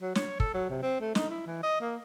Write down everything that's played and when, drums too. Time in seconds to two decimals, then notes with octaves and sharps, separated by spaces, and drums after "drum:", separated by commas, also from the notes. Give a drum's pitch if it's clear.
0.01 F#3
0.15 C#5, drum: snare
0.40 A4, drum: kick
0.54 F#3
0.70 C3
0.83 C4
1.01 A3
1.15 D#4, drum: snare
1.30 E4
1.46 E3
1.63 D#5
1.81 A#3